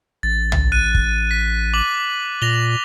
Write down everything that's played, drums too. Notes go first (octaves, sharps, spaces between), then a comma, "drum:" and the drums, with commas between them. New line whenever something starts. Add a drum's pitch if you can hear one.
A1 A6
drum: tom
F#6 D#7
drum: kick
B6
D6 F#7
A#2 A#6 F7 G7